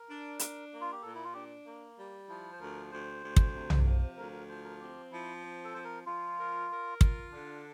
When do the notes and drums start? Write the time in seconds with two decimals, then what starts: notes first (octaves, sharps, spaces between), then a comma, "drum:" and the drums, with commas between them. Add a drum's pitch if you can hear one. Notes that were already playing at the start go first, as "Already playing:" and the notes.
Already playing: A#4
0.08 D4
0.39 D4, drum: hi-hat
0.71 A#3
0.81 F4
0.92 G4
1.02 A#2 A4
1.15 E4
1.24 F4
1.34 D4 G4
1.65 A#3
1.97 G3
2.28 F3 E4
2.52 C5
2.60 D2 A#4
2.91 D2 C5
3.22 D2
3.36 drum: kick
3.55 C3
3.70 drum: tom
3.86 F3
4.17 D2 A#4
4.33 A#4
4.48 F3 C5
4.64 A#4
4.80 C4 G4
5.11 F3 E4
5.43 C4
5.64 A4
5.74 F3 C5
5.85 A#4
6.05 F3 F4
6.38 A#4
6.69 A#4
7.01 F4, drum: kick
7.31 D3 D4